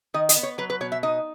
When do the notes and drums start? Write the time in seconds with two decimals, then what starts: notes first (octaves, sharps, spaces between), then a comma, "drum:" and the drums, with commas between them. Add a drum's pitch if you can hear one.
0.14 D#3 D#5
0.29 D#5, drum: hi-hat
0.37 B3
0.43 C#5
0.58 F#3 B4
0.70 B4
0.81 B2 C#5
0.92 E5
1.03 D#4 D#5